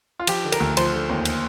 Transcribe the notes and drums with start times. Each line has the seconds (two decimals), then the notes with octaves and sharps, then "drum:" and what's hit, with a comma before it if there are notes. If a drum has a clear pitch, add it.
0.19 F4
0.27 F3 G4, drum: cymbal
0.44 D3
0.52 A#4, drum: cymbal
0.60 D2
0.77 F3 C5, drum: cymbal
0.93 D3
1.09 D#2
1.25 drum: cymbal